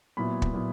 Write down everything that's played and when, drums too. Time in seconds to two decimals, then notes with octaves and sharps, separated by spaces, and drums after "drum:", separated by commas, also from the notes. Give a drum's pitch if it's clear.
0.17 A#2 F#3 B3 E4 B5
0.42 drum: kick
0.54 A#2 F#3 B3 E4